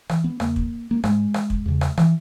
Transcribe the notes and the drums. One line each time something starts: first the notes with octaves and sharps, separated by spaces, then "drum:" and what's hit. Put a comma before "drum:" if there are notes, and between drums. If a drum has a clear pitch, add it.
E3, drum: rim click
B3
E2 C#3 A#3, drum: rim click
drum: kick
A#3
G#2 G#3, drum: rim click
drum: rim click
drum: kick
E2 C#3
drum: rim click
E3, drum: rim click